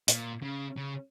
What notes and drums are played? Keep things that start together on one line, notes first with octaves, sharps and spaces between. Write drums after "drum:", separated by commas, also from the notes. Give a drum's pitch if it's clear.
A#2, drum: hi-hat
C#3
C#3